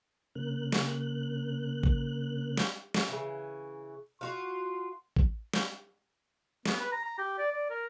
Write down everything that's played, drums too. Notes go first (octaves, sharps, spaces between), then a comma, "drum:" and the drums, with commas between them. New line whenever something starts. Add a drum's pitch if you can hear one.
C#3 A#3 F#6
drum: snare
drum: kick A1
drum: snare
drum: snare
C#3 E3
F4 F#4 F5 C6
drum: kick A1
drum: snare
B3, drum: snare
B4
A#5
A#5
G4
D5
D5
A#4